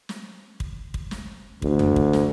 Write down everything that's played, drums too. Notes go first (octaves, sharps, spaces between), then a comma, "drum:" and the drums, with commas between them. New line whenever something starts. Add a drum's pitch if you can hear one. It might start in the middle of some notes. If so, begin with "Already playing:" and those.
drum: snare
drum: kick
drum: kick
drum: snare
D2, drum: kick
drum: tom
drum: kick
drum: snare